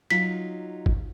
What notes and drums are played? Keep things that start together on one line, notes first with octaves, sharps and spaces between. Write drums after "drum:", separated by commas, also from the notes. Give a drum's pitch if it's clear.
F#3 D#4 F4 B6, drum: hi-hat
drum: kick G#1